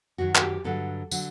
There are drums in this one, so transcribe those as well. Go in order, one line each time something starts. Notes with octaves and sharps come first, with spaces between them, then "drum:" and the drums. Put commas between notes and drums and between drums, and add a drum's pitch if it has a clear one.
F#2 D#3 F#3 F#4
A4, drum: clap
G4
G2 D3 F#3 A4
D3 F#3, drum: tambourine